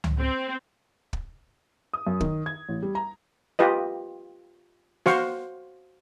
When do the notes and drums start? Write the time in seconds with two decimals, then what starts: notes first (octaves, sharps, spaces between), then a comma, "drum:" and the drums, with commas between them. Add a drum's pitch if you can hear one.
0.04 drum: tom C#2
0.19 C4
1.13 drum: kick
1.93 D#6
2.07 F#2
2.21 D#3, drum: kick
2.46 G#6
2.68 A1
2.82 G3
2.95 A#5
3.59 F4 G4 B4 D#5
5.06 F#4 C5 F5 C#6, drum: snare